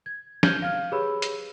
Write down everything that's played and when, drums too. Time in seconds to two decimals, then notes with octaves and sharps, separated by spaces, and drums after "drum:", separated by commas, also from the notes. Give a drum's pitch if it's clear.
0.06 G#6
0.43 F6 G6 G#6 D#7 F#7 G7, drum: snare
0.62 F5 F6
0.92 G4 G#4 B4 C#5 B5 E6
1.22 drum: hi-hat